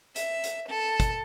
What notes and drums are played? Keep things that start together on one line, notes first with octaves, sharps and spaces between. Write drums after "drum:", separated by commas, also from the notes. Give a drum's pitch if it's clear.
E5, drum: hi-hat
drum: hi-hat
A4
drum: kick, hi-hat